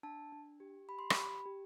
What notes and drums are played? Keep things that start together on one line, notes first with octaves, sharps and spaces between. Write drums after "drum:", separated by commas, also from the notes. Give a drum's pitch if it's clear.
D4 A5
D4
G4
G4 B5
C6
B5, drum: rim click
G4
G4